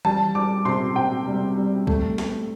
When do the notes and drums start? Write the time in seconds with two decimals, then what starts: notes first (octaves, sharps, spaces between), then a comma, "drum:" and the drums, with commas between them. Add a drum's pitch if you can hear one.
0.05 G3 A5, drum: tom E3
0.35 G3 D6
0.65 C3 C6
0.96 C3 G5
1.27 G3
1.57 G3
1.87 A3, drum: kick B1
2.18 A3, drum: snare